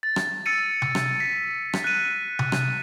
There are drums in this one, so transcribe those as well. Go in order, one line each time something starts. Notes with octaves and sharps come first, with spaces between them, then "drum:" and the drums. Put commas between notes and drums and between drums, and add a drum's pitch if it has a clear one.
A6
drum: rim click
E6 A6 C#7 D#7
drum: tom C3
drum: rim click
B6
drum: rim click
F#6 D#7
drum: tom C3
drum: rim click